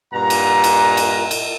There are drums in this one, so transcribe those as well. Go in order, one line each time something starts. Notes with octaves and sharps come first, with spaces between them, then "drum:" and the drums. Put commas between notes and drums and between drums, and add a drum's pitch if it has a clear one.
G2 A#2 F#5 A#5
drum: cymbal
drum: cymbal
drum: cymbal
drum: cymbal